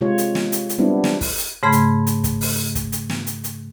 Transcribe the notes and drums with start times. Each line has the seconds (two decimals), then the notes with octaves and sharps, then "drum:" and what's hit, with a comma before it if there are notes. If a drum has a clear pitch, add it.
0.01 C3 G#3 F4 C#5
0.18 drum: hi-hat
0.35 drum: snare
0.52 drum: hi-hat
0.69 drum: hi-hat
0.78 G3 B3 C4 D4 E4
1.04 drum: snare
1.21 drum: kick, open hi-hat
1.38 drum: hi-hat
1.63 G#2 C#3 A3 B5 C6 G#6
1.72 drum: hi-hat
2.07 drum: hi-hat
2.24 drum: kick, hi-hat
2.41 drum: open hi-hat
2.75 drum: kick, hi-hat
2.92 drum: hi-hat
3.09 drum: snare
3.27 drum: hi-hat
3.44 drum: hi-hat